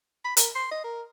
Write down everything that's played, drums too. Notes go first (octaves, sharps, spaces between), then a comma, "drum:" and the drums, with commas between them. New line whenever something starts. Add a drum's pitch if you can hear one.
B5
A#4, drum: hi-hat
C6
D#5
A#4